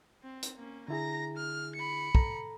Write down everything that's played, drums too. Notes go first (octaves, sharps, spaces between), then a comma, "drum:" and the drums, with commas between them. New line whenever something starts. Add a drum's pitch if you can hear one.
C4
drum: hi-hat
A#3 C#4
D3 E4 G#4 A#5 A#6
F6
B5 C#7
A4 A#5, drum: kick